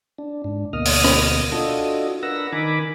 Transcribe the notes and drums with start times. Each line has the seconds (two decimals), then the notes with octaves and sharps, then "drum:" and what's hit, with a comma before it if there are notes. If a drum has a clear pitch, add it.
0.18 D4
0.44 G#2 D4
0.73 D2 B2 A#3 D#5 D#6 F6
0.85 drum: open hi-hat
1.04 drum: rim click
1.52 D4 F4 F#4 A4 D#5
2.23 D4 A#4 B4 F#5 E6 A#6
2.52 D#3 D#4 A#4 G#5 B5 D6